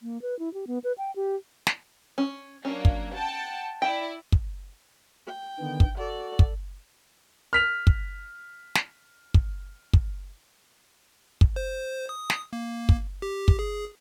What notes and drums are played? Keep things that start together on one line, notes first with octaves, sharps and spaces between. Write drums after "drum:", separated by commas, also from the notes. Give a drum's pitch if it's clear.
A#3
B4
E4
G4
B3
B4
G5
G4
drum: snare
C#4
F#3 A#3 C#4 D4
drum: kick
F#5 G5 A5
E4 D5 G5
drum: kick
G5
D3 D#3 B3
drum: kick
F#4 A4 D5
drum: kick
F6 B6 F7
drum: kick
drum: snare
drum: kick
drum: kick
drum: kick
C5
D#6
drum: snare
A#3
drum: kick
G4
drum: kick
G#4